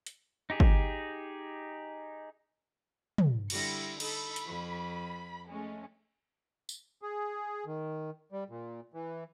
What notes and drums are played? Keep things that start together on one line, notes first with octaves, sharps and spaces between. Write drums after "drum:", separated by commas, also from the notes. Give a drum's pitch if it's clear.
drum: hi-hat
D#4 G4 G#4
drum: kick
drum: tom
D3 G3 E4 C6 A#6 C#7, drum: cymbal
D#4 A4 B5, drum: cymbal
drum: hi-hat
F2
G#3 A3 C#4
drum: tambourine
G#4
D#3
G3
A#2
E3